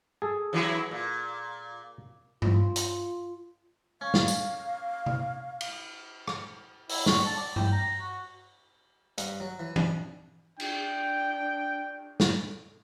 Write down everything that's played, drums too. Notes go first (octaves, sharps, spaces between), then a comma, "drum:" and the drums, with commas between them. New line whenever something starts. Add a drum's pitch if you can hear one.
G#4 A4
E3 F#3 E4
A#2
F4, drum: tom G2
drum: hi-hat
C#4 F5
drum: snare
drum: tambourine
drum: tom C3
drum: cymbal
drum: rim click
E4, drum: open hi-hat
C#6, drum: snare
A5
D5
G5, drum: tom G2
A#5
F#4
G2, drum: hi-hat
F#3
E3
D4, drum: tom E3
D4 G5, drum: cymbal
drum: snare